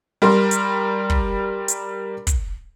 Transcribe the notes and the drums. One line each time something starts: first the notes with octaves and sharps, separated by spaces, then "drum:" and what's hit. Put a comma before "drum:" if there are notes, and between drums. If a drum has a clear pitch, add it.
G3 A#4 C6
drum: hi-hat
drum: kick
drum: hi-hat
drum: kick, hi-hat